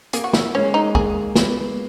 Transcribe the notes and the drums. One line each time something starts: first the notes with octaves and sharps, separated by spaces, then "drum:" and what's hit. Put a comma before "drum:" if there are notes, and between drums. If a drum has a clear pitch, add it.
A#3 G#4, drum: hi-hat
F#4
E4, drum: snare
G#3 C#4
D#4
A#3 G#4, drum: kick
B3, drum: snare